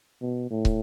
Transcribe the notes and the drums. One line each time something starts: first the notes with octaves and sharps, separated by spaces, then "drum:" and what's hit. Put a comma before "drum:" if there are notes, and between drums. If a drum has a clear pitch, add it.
B2
A2
drum: kick